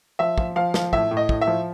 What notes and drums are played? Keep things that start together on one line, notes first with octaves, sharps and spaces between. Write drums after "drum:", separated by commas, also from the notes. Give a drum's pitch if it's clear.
F3 E5
F3, drum: kick
F3 F5
F3, drum: snare
A2 E5, drum: kick
A2
D#5
A2, drum: kick
E5
F3